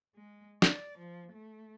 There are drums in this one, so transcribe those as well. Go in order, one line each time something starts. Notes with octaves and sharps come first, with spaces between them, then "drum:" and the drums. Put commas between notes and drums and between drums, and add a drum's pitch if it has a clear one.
G#3
D5, drum: snare
F3
A3